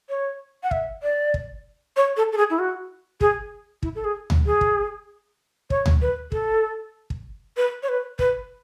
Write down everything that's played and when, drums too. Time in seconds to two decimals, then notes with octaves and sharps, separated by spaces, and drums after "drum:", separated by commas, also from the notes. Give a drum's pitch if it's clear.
0.09 C#5
0.63 F#5
0.71 E5, drum: kick
1.03 D5
1.34 drum: kick
1.97 C#5
2.17 A4
2.32 A4
2.37 G#4
2.50 E4
2.59 F#4
3.21 G#4, drum: kick
3.83 E4, drum: kick
3.95 A4
4.04 G#4
4.30 drum: tom D2
4.46 G#4
4.61 drum: kick
5.70 C#5, drum: kick
5.86 drum: tom D2
6.02 B4
6.32 A4, drum: kick
7.10 drum: kick
7.57 B4
7.83 C#5
7.89 B4
8.19 B4, drum: kick